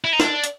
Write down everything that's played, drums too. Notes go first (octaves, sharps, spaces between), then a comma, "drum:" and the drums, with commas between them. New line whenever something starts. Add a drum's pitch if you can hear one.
E4
D#4
D4, drum: snare
drum: hi-hat